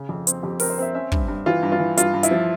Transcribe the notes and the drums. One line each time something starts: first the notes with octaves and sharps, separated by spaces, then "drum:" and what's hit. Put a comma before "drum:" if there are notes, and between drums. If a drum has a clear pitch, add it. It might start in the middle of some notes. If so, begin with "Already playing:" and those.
Already playing: C#3
F2
C4, drum: hi-hat
F2 G4
C4 A#4, drum: open hi-hat
C5
C4 E5
C#4 E5
G2, drum: kick
G2
E3 F4
G2
F4
E3
G2 F4, drum: hi-hat
G2
E4, drum: hi-hat
F3